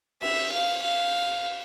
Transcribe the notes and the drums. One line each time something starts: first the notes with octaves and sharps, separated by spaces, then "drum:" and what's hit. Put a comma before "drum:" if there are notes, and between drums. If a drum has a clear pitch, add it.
E5, drum: cymbal
F5
F5